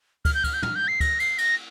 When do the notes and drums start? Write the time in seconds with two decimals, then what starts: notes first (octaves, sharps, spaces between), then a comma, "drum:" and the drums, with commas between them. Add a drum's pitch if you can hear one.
0.25 F6, drum: kick, cymbal
0.34 G6
0.44 F6, drum: kick, cymbal
0.53 G6
0.63 F6, drum: tom
0.75 G6
0.88 C7
1.00 A#6, drum: kick, cymbal
1.20 C7, drum: cymbal
1.38 A#6, drum: cymbal